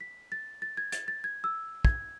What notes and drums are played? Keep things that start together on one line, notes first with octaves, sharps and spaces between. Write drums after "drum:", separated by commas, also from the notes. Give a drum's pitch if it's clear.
B6
A6
A6
G#6
A6, drum: hi-hat
A6
G#6
E6
G#6, drum: kick